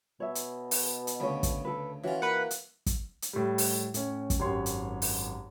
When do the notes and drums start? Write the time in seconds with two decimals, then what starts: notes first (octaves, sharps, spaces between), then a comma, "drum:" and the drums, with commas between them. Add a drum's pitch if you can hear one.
0.20 B2 C#5 E5
0.35 drum: hi-hat
0.71 drum: open hi-hat
1.07 drum: hi-hat
1.20 D2 C#3 B4 C#5
1.43 drum: kick, hi-hat
1.65 A4 B4
2.04 E3 C#4 F4 F#4
2.22 A#3 B4 F#5
2.51 drum: hi-hat
2.86 drum: kick, hi-hat
3.22 drum: hi-hat
3.33 A2 G3
3.58 drum: open hi-hat
3.94 A2 C#4, drum: hi-hat
4.30 drum: kick, hi-hat
4.39 G#1 F#2 G4 C#5 C6
4.66 drum: hi-hat
5.02 drum: open hi-hat